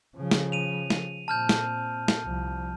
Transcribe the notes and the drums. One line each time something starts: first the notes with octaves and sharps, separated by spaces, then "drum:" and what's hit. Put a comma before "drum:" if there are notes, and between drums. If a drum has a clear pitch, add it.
C#3 F3
drum: snare
D#7 F7
drum: snare
A#2 C4 A5 F6 G6
drum: snare
drum: snare
C2 F3